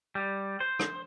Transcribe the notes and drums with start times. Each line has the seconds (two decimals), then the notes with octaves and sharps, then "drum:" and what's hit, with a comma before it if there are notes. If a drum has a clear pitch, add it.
0.15 G3
0.60 C5
0.79 drum: rim click